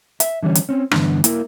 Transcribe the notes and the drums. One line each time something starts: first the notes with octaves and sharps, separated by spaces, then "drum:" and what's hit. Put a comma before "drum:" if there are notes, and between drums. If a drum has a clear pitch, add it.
E5, drum: hi-hat
D3 E3 G3 C#4
drum: hi-hat
C4 C#4
G2 D3 E3 F3 B3 D4, drum: rim click
A#3 E4 A#4, drum: hi-hat